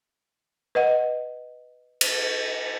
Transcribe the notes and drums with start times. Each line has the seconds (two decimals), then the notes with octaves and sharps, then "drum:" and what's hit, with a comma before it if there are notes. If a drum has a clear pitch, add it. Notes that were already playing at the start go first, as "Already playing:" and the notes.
0.75 B4 D#5 F#5
2.01 drum: cymbal